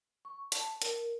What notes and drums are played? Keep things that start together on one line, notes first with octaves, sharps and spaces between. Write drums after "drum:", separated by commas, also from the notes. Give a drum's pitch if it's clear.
C#6
A5, drum: hi-hat
A#4, drum: hi-hat